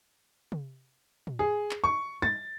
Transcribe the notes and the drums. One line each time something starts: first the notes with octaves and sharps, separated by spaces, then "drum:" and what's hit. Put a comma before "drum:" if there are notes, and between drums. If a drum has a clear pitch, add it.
drum: tom
drum: tom
G#4
drum: clap
C#6
A6, drum: tom G3